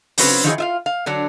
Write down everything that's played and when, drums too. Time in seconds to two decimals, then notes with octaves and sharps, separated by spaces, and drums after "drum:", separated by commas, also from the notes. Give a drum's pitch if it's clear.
0.18 C#3 F#3 C4 C#4 B4, drum: open hi-hat
0.44 D#3 F3 F#3 D#4 E4 G#4
0.58 F4 E5 F5
0.86 F5
1.06 D3 F#3 D4